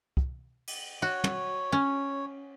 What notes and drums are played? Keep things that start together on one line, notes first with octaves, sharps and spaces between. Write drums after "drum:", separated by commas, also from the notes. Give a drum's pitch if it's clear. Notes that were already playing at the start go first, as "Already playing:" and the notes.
drum: kick
drum: cymbal
F#4 C#5
drum: tom
C#4